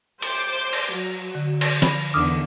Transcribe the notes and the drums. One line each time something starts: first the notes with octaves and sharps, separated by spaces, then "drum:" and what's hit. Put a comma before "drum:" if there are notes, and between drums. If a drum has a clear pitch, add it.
C5 D6 G6, drum: cymbal
drum: cymbal
F#3
D3
drum: cymbal
F3 B5, drum: snare
E2 D3 D#3 D6 D#6 F6